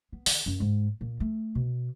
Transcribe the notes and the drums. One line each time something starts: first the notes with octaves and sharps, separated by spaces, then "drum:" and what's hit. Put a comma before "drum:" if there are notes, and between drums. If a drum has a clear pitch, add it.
B3
D#3, drum: open hi-hat
F#2
G#2
A#2
A3
B2